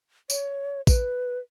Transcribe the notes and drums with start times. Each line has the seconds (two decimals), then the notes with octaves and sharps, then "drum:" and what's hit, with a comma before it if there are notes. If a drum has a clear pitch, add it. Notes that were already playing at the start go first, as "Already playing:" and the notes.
0.30 C#5, drum: tambourine
0.87 B4, drum: kick, tambourine